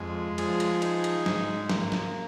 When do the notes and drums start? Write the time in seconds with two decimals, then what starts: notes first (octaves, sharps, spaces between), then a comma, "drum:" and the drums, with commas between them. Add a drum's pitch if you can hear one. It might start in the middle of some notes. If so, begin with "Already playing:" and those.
Already playing: F2 G#3
0.38 F3 G#4, drum: cymbal
0.60 drum: cymbal
0.82 D#4, drum: cymbal
1.04 drum: cymbal
1.26 G#2, drum: snare
1.69 A#3, drum: snare
1.92 drum: snare